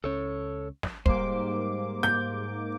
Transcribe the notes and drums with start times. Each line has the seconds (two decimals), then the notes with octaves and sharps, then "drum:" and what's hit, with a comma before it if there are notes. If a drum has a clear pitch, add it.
0.04 C#2 C#4 A4 C#5
0.83 drum: snare
1.06 G#2 G3 A#3 G4 C5 D6, drum: kick
2.03 G6